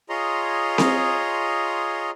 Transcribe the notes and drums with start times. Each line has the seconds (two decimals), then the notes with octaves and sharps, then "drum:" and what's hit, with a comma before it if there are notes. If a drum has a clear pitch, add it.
0.09 F4 G#4 C#5 D#5 A#5 C6
0.78 drum: snare C4